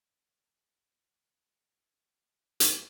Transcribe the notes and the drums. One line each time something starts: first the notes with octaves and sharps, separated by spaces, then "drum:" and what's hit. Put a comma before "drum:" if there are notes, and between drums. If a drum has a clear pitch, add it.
G5
D#4
F#4
C#6
drum: hi-hat